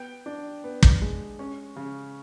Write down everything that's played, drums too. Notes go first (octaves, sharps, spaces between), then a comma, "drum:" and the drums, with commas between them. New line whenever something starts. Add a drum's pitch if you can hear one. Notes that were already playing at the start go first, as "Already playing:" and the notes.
Already playing: B3 G5
D4
B3
drum: kick
G#3
C#4
C#3